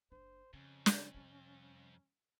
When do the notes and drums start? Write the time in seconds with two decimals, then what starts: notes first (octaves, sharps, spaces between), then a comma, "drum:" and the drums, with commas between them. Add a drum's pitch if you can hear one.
0.12 F#1 D4 C5
0.53 F2 C#3 C#4
0.86 drum: snare
1.14 C3 G3